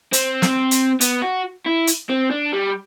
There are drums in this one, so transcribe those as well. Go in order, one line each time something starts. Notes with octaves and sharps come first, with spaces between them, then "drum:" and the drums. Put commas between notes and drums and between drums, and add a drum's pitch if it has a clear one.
C4, drum: hi-hat
drum: snare
drum: hi-hat
B3, drum: hi-hat
F#4
E4
drum: hi-hat
C4
D4
G3